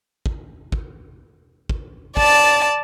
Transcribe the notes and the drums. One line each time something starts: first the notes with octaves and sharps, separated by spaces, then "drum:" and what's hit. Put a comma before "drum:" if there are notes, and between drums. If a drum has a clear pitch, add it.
drum: kick
drum: kick
drum: kick
D5 A5, drum: kick